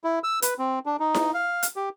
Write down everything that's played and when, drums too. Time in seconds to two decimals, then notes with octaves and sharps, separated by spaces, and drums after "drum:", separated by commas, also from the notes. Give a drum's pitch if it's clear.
0.04 E4
0.24 E6
0.42 B4, drum: hi-hat
0.59 C4
0.86 D4
1.00 D#4
1.14 drum: snare E4
1.34 F5
1.63 drum: hi-hat
1.76 G4